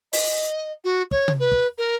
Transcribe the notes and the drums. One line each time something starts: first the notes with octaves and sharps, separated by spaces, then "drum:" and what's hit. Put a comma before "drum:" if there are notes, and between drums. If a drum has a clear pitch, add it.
D#5, drum: open hi-hat
F#4
C#5, drum: kick
drum: tom C3
B4
drum: kick
A#4